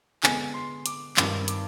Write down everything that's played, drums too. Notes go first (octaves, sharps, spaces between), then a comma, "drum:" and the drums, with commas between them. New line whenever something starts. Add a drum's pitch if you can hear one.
D3 G#3 B3 G#5, drum: clap
C6
D6, drum: hi-hat
G#1 G2 D#3 D6, drum: clap
D6, drum: hi-hat